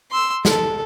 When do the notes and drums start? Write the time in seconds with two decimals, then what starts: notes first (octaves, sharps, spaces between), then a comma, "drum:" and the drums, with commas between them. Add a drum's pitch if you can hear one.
0.11 C6 E6
0.45 A4, drum: snare